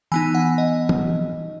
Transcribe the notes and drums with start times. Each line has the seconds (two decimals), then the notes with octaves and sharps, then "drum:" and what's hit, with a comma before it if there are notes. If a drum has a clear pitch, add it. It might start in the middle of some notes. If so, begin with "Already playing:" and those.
0.12 E3 B3 D#4 G#5
0.35 F#5
0.58 D#5
0.89 drum: tom